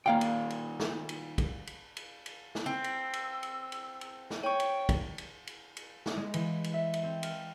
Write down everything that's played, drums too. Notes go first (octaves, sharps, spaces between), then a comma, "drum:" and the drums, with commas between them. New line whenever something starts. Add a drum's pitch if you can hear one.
D#3 A#3 F4 D5 F5 G5
drum: cymbal
drum: cymbal
drum: snare
drum: cymbal
drum: kick, cymbal
drum: cymbal
drum: cymbal
drum: cymbal
drum: snare
C4 E6
drum: cymbal
drum: cymbal
drum: cymbal
drum: cymbal
drum: cymbal
drum: snare
C#5 G5 C#6
drum: cymbal
drum: kick, cymbal
drum: cymbal
drum: cymbal
drum: cymbal
drum: snare
G#3
E3, drum: cymbal
drum: cymbal
E5
drum: cymbal
C4
F6, drum: cymbal